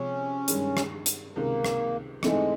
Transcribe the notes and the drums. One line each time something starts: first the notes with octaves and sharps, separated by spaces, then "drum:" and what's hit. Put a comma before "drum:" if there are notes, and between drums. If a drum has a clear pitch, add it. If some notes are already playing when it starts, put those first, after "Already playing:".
Already playing: C3 F3 G#3 C#4
G2 D#3 G#3, drum: hi-hat
drum: rim click
drum: hi-hat
C#2 C3 D#3 A#3
drum: rim click
G#2 E3 G#3 A3 C4 E4, drum: rim click